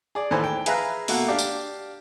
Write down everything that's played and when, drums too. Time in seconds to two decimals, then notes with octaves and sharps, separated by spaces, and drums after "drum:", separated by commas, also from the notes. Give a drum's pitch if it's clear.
0.15 G#4 D5
0.31 D#2 A2 E3 A4 C5 G#5
0.43 G5
0.66 G#4 B4 E5 F5 A#5 F#6, drum: hi-hat
1.08 B2 A3 A#3 F#5, drum: open hi-hat
1.28 D4 G4 F5 D6
1.39 drum: tambourine